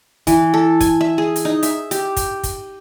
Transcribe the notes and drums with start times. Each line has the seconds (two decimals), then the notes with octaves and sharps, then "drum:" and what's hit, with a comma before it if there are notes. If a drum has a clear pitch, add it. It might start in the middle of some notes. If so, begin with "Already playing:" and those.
0.27 E3, drum: kick, hi-hat
0.54 A4
0.80 G#5, drum: kick, hi-hat
1.01 E5
1.18 G#4
1.36 drum: hi-hat
1.45 D#4
1.63 E5, drum: hi-hat
1.91 G4, drum: hi-hat
2.17 drum: kick, hi-hat
2.43 drum: kick, hi-hat